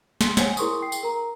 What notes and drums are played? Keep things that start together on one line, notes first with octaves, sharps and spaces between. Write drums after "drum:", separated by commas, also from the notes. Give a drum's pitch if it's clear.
C6, drum: snare
C5 C#5 F#5 G#5, drum: snare
E4 G#4 A#4 C6 C#6 D#6, drum: tambourine
G5 C7
drum: tambourine
A#4 A#5